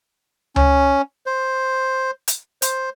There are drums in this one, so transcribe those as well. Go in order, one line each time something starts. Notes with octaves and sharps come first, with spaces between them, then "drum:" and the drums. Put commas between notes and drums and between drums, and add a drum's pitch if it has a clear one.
C#4, drum: tom C#2
C5
drum: hi-hat
C5, drum: hi-hat